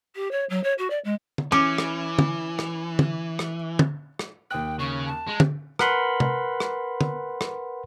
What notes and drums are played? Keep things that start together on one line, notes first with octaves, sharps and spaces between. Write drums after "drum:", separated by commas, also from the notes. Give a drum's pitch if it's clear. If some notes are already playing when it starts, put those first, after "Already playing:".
G4
C#5
F#3
C#5
F#4
D5
G#3
drum: tom
E3 C#4 D6
drum: rim click
drum: tom
drum: rim click
drum: tom
drum: rim click
drum: tom
drum: rim click
D#2 G5 D#6 F#6
C#3 C#6
A5
G#3
drum: tom
A#4 B4 F#5 B5 C6, drum: rim click
drum: tom
drum: rim click
drum: tom
drum: rim click